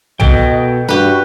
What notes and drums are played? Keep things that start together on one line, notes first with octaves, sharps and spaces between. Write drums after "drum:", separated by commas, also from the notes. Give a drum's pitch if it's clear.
B2 A4 D#5 G5, drum: tom
G2 F#4 G4 B4